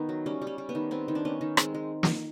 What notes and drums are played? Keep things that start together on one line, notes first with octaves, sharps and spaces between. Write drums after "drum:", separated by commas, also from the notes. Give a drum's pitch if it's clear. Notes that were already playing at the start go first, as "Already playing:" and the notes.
Already playing: D#3 B3
F#3
G3 C#4
G3
C#4
G3
B3
D#3
B3 C4
D#3
D4
B3 C#4
D#3
G#3 C4, drum: rim click
G#3
drum: snare